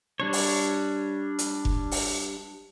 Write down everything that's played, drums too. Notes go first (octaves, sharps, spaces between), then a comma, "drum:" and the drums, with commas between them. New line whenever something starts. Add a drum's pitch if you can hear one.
G3 D4 C#5
drum: open hi-hat
drum: hi-hat
drum: kick F1
drum: open hi-hat